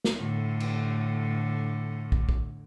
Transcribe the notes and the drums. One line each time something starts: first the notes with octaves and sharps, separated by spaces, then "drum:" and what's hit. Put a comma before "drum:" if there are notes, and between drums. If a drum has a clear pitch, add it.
drum: snare
A2 D3
drum: cymbal
drum: kick
drum: kick